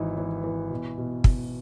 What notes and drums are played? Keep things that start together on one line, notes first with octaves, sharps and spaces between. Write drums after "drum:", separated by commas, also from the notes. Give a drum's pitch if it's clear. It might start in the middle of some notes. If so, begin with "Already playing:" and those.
Already playing: G#1 E3 D#4
E3
E3
B2
B2
B2, drum: kick